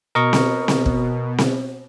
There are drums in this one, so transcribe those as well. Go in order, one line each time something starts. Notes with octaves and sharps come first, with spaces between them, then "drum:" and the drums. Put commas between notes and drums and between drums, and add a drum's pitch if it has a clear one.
B2 A#4 D#5 C#6
drum: snare C4
drum: snare C4
drum: kick
drum: snare C4